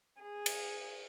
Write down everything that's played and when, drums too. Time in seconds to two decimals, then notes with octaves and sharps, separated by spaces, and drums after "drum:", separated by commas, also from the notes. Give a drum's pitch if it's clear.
0.20 G#4
0.46 drum: cymbal